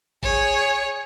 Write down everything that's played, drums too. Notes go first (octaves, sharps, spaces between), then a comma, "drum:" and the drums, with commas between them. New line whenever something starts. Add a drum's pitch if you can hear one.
G#4 C#5, drum: kick